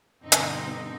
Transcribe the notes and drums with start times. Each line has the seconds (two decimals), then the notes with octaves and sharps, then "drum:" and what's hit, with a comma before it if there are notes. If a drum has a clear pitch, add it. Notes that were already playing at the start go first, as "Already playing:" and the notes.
0.22 G2 B2 D3 C4 D#4
0.32 drum: hi-hat